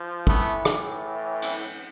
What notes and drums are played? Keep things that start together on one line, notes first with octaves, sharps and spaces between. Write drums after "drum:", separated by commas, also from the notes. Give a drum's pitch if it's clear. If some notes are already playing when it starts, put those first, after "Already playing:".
Already playing: F3
A2 E3 A3 B3, drum: kick
drum: rim click
drum: cymbal